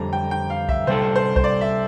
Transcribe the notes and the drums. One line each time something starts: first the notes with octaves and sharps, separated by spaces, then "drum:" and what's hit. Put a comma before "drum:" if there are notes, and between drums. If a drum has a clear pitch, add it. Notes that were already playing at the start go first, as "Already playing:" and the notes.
Already playing: F2 D3 G3 A#5
G5
G5
F5
E5, drum: kick B1
C3 G3 D4 A4 C5
C5
C5, drum: kick B1
D5
E5